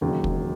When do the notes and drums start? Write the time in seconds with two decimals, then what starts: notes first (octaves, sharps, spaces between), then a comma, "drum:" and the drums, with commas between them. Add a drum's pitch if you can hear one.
0.01 E1 D#2 C#3 F#3
0.24 drum: kick